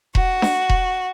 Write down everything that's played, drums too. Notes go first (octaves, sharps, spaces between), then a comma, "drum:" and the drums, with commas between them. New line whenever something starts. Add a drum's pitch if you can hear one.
F#4, drum: kick E1
drum: snare D4
drum: kick E1